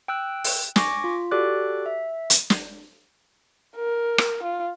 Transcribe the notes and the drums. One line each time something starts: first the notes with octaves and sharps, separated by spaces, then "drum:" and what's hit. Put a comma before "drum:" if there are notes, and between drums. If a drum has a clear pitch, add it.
G5 E6 F#6
drum: open hi-hat
G#5 C#6 D6 A#6, drum: snare
F4
F#4 G4 A4 D5 D6 F#6
E5
drum: hi-hat
drum: snare
A#4
drum: rim click
F4